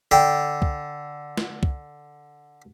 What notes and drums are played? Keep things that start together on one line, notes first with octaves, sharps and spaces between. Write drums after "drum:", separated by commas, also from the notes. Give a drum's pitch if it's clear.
D3 G5
drum: kick
drum: snare
drum: kick